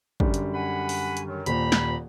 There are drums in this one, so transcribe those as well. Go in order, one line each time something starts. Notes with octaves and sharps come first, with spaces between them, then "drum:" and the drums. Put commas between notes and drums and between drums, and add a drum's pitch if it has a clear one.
F#2 D3 G3, drum: kick
drum: hi-hat
F#5 G#5 B5
drum: open hi-hat
drum: hi-hat
D#3 F#3
D#1 A#2 C5 A#5 B5, drum: hi-hat
drum: snare